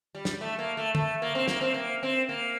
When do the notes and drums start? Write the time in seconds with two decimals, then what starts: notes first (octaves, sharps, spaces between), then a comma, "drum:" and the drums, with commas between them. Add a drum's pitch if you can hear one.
0.15 G3
0.25 drum: snare
0.41 A3
0.59 A#3
0.77 A3
0.95 A3, drum: tom
1.22 A#3
1.35 C4
1.48 A#3, drum: snare
1.61 C4
1.74 A#3
2.03 C4
2.29 A#3